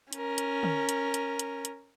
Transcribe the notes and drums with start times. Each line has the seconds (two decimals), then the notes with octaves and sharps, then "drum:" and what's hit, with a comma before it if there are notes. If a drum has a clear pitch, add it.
0.13 C#4 A#4, drum: hi-hat
0.38 drum: hi-hat
0.63 drum: tom D3
0.89 drum: hi-hat
1.14 drum: hi-hat
1.39 drum: hi-hat
1.65 drum: hi-hat